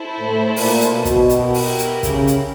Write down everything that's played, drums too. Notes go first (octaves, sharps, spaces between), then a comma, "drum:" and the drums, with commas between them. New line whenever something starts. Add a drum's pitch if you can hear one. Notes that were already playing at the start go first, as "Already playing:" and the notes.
Already playing: E4 A4 C5
A2
A#2, drum: open hi-hat
drum: hi-hat
B2
drum: kick, hi-hat
E4 G4 A#4, drum: hi-hat
drum: open hi-hat
drum: hi-hat
C#3, drum: kick, hi-hat
drum: hi-hat